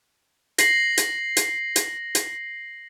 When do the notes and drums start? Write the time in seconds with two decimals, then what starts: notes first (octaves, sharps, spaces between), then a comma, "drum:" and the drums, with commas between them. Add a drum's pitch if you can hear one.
0.58 A#6 C7 F#7, drum: hi-hat
0.97 drum: hi-hat
1.37 drum: hi-hat
1.76 drum: hi-hat
2.15 drum: hi-hat